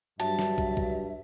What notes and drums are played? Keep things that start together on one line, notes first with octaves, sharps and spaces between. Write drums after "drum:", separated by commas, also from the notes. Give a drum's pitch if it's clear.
G2 F#3 E5 A5
drum: snare
drum: kick
drum: kick